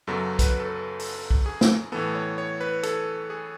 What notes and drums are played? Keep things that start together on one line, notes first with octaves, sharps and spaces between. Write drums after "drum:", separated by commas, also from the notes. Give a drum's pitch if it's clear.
F#2 C#3 F#3 B3 A4
B4, drum: kick B1, hi-hat
A4
B4
A4, drum: open hi-hat
drum: kick B1
G#4
drum: snare
A2 E3 B3 A4
C#5
C#5
B4
A4, drum: hi-hat
G#4